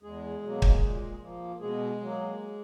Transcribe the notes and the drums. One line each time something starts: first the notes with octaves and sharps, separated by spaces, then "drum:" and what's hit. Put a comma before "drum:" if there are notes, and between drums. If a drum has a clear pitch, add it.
E2 G#3 G#4
B2 F#3 A#3
drum: kick
A#2
F3 A#3
B2 G#3 G#4
F#3 A#3